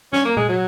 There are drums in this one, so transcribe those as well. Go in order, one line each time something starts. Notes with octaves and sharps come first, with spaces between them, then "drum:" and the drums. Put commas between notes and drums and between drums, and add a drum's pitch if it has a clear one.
C#4, drum: snare
A#3
G#3, drum: tom A#2
F#3